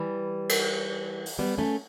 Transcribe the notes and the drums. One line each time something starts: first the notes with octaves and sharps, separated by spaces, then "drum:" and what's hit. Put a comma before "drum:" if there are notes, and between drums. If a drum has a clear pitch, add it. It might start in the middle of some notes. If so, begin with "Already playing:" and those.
Already playing: E3 G3
drum: cymbal
drum: open hi-hat
G3 B3
A3 C#4